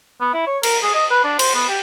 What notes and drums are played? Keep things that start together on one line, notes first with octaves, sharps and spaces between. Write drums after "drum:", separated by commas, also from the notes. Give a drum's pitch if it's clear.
B3
E4
C#5
A#4, drum: cymbal
G#4
D#5
B4
D4
C5, drum: cymbal
B3
G4